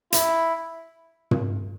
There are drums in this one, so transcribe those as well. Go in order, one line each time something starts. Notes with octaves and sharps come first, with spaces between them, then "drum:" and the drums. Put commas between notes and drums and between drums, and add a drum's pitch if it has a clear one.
E4, drum: hi-hat
drum: tom